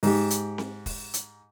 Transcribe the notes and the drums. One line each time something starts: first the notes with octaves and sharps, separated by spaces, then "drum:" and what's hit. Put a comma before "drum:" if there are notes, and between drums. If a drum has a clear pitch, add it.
G#2 G4, drum: open hi-hat
drum: hi-hat
drum: snare C4
drum: kick, open hi-hat
drum: hi-hat